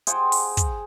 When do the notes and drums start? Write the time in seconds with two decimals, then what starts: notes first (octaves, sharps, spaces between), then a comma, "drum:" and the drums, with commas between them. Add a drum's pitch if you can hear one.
0.07 G#4 C5 F#5 G5, drum: hi-hat
0.32 drum: open hi-hat
0.57 drum: kick, hi-hat